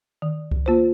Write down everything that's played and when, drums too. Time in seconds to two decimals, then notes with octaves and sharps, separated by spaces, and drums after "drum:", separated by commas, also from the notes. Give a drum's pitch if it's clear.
0.22 D#3
0.51 drum: kick C#2
0.66 A#3 F4 C5